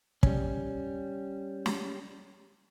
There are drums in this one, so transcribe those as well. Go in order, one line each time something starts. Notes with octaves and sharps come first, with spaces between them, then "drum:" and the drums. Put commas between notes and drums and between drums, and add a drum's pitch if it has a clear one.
G3 C#4, drum: kick
drum: snare